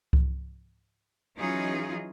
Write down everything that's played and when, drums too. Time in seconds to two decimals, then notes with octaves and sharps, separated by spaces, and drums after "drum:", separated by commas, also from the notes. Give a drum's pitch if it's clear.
0.13 drum: kick C2
1.36 E3 F#3 C#4 D#4 F4 G#4